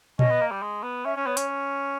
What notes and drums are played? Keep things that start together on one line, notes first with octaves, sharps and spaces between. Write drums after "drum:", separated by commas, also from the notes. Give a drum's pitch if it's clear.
C#4 D#5, drum: tom A#2
B3
A#3
G3
G#3
B3
C#4 E5
C#4
B3 C#5
C#4, drum: hi-hat